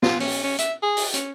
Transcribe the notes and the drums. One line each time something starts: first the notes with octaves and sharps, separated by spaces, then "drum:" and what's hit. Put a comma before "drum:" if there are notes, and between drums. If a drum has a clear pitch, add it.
F4, drum: snare
C#4, drum: open hi-hat
C#4
E5, drum: hi-hat
G#4
drum: open hi-hat
C#4, drum: hi-hat